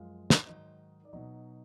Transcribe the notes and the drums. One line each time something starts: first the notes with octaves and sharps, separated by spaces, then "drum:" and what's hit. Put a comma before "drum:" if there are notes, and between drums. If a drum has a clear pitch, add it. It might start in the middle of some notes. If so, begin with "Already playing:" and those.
Already playing: F#2 F3 G#3 F4 F5
drum: snare
G#2 D#3 F#3 D#4 D#5
D5
B2 F#3 D#4 D#5